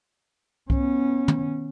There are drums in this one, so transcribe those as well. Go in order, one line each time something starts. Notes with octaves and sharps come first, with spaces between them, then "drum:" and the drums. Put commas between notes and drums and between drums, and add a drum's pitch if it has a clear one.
B3 C#4, drum: kick C2
drum: tom